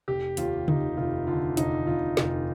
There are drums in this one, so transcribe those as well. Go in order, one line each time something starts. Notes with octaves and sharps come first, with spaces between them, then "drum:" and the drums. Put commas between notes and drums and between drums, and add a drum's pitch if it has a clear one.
F1 G4
D#2 F4, drum: hi-hat
F1 D#4, drum: tom C#3
F1 F4
D3 F4
F1 D#4, drum: hi-hat
F1 F4
F1 F4, drum: snare